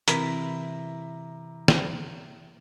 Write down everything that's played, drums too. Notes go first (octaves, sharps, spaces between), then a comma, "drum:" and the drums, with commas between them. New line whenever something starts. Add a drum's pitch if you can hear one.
C3 E3 E4 A#4 A#5 B5, drum: hi-hat
drum: snare